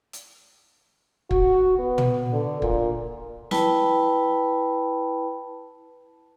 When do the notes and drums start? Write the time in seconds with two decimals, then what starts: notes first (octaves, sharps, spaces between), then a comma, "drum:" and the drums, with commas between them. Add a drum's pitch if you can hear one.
0.13 drum: hi-hat
1.31 F#4, drum: kick
1.79 B3
1.98 drum: tom
2.33 D3
2.62 A#2, drum: kick
3.51 E4 B4 G5 A5 B5, drum: snare